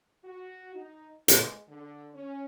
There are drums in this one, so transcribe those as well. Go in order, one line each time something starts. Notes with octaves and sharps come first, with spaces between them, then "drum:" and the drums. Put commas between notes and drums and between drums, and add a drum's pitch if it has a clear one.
F#4
D#4
G#3, drum: hi-hat
D3
C#4